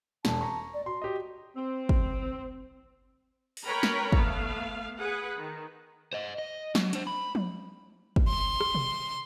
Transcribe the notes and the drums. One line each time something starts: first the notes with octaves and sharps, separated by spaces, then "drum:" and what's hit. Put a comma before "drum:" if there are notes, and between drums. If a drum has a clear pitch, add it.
E1 A5, drum: snare
A#5 C#6
D5
F#4 C6
G4 D#5
C4
drum: kick
drum: open hi-hat
A#4 B4 C#5 G5 A#5 B5
drum: snare
A3 B3 F5, drum: kick
G#4 B4 F#5
D#3
C5 D#5
D#5
F#3, drum: snare
D4 C5, drum: hi-hat
B5
drum: tom F3
drum: kick
C6
drum: rim click
drum: tom B2